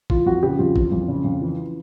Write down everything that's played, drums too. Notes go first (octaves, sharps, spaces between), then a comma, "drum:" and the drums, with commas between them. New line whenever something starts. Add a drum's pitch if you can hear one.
E3 F4, drum: kick A1
F2 F#4
C#3 G4
F2 F4
E3, drum: kick A1
F2
C#3
F2
E3